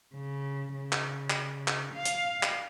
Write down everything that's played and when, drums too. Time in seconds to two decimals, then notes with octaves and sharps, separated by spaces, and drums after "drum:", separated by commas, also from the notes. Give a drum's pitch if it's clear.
0.14 C#3
0.74 C#3
0.93 drum: clap
1.30 drum: clap
1.68 drum: clap
1.95 F5
2.05 drum: hi-hat
2.43 drum: clap